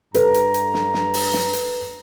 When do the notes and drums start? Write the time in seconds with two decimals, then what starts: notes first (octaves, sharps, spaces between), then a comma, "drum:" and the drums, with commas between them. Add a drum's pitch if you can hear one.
0.14 G2 A4 B4 A#5, drum: hi-hat
0.34 drum: hi-hat
0.54 drum: hi-hat
0.74 drum: snare
0.94 drum: snare
1.14 drum: open hi-hat
1.33 drum: snare
1.53 drum: hi-hat